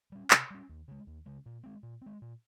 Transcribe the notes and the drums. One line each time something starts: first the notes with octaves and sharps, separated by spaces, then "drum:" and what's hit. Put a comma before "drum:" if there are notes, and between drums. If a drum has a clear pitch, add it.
G3 C#4
C3, drum: clap
G3 C#4
D#2
C#3 G#3
D#2
C#3 G#3
A#2
G#3 C4
A#2
G#3 C4
A#2